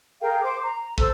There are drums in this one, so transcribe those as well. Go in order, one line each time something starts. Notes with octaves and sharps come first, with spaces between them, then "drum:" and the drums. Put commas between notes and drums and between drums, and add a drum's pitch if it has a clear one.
G#4 A#4 F5 G5
C5 D6
A#5
A4 C5 E6, drum: kick